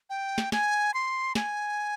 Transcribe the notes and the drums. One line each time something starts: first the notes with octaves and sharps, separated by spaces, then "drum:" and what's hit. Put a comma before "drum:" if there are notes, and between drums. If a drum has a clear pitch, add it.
G5
drum: snare
G#5, drum: snare
C6
G#5, drum: snare